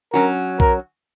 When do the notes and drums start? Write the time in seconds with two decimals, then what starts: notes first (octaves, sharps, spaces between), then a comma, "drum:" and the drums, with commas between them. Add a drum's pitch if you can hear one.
0.13 F#3 C#4 F#4 A#4
0.60 A#4, drum: kick B1